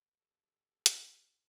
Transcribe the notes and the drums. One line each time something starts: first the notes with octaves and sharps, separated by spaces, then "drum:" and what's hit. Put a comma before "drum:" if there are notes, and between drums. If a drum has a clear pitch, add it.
G4 A4
drum: hi-hat